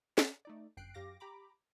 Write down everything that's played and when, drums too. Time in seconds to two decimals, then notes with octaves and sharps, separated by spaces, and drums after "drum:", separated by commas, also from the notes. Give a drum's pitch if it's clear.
0.18 drum: snare
0.45 A3 D#4 D5
0.77 G1 F#2 G5 F#6 C7 D7
0.94 F#2 G4 F5 D6 A#6
1.20 G4 A#5 B5 D6